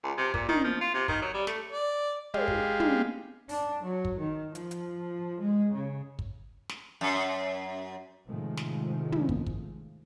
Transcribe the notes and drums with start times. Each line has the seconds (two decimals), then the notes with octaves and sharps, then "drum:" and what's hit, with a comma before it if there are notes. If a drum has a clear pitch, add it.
0.04 C#2
0.18 C3
0.34 A#2, drum: kick
0.49 D#3, drum: tom
0.64 F3
0.81 F4
0.94 C3
1.08 D#3, drum: kick
1.22 F#3
1.34 G3
1.47 A3, drum: snare
1.70 D5
2.34 G#3 G4 F5, drum: tom
2.48 drum: kick
2.80 drum: tom
3.49 D4, drum: open hi-hat
3.84 F#3
4.05 drum: kick
4.19 D#3
4.55 F3, drum: hi-hat
4.71 drum: hi-hat
5.40 G#3
5.73 C#3
6.19 drum: kick
6.69 drum: snare
7.01 F#2
8.26 A2 C3 D#3 F3 G#3 A3
8.57 drum: snare
9.12 drum: tom
9.29 drum: kick
9.46 drum: kick